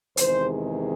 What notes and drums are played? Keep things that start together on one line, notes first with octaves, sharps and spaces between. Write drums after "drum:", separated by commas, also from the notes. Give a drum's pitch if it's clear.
E2 C3 D#3 G#3 C5, drum: hi-hat